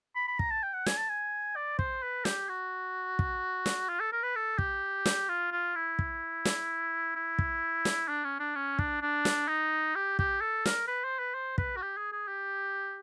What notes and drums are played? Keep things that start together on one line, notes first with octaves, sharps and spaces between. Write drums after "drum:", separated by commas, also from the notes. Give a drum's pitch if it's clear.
B5
B5
A#5, drum: kick
A5
G5
F#5
G#5, drum: snare
A5
G#5
D5
C5, drum: kick
B4
G4, drum: snare
F#4
drum: kick
drum: snare
F4
A4
A#4
B4
A4
G4, drum: kick
drum: snare
F4
F4
E4
drum: kick
drum: snare
E4
drum: kick
drum: snare
D4
C#4
D4
C#4
D4, drum: kick
D4
drum: snare
D#4
G4
G4, drum: kick
A4
A#4, drum: snare
B4
C5
B4
C5
B4, drum: kick
F#4
G4
G#4
G#4
G4